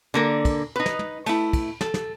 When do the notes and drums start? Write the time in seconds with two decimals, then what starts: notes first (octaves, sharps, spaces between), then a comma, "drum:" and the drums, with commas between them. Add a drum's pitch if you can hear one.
0.14 D3 A#3 A#4
0.45 drum: kick, cymbal
0.76 D#4 B4
0.86 drum: snare
0.99 drum: tom
1.26 A3 E4, drum: cymbal
1.53 drum: kick, cymbal
1.81 A4, drum: snare
1.94 drum: snare